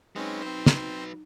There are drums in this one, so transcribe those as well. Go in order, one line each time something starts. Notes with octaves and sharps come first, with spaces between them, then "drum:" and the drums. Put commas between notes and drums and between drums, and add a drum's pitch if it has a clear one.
F#3 G#3 C4 C#4 D#4 B4
C4 C5
drum: snare